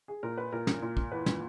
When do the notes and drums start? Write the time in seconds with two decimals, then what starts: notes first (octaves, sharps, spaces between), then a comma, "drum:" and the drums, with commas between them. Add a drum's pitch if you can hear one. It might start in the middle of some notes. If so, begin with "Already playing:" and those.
0.08 G#4
0.23 A#2 A#4
0.38 B4
0.52 A#2 A#4
0.67 drum: snare
0.82 A#2
0.97 drum: kick
1.12 E2 B4
1.26 drum: snare